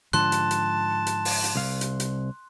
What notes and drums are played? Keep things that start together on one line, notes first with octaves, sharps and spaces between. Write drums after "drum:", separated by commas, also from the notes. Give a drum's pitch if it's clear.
G#2 D3 F3 A5 C6 F#6
drum: hi-hat
drum: hi-hat
drum: hi-hat
drum: open hi-hat
drum: hi-hat
C2 F5
drum: hi-hat
drum: hi-hat